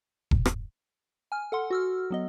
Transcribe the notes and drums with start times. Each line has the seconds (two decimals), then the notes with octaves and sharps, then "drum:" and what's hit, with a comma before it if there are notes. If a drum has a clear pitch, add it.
0.31 drum: kick E1
0.46 drum: rim click
1.32 G#5 F6
1.52 A4 F#5 C6
1.70 F#4 E6 F6
2.11 F#3 B3 D#5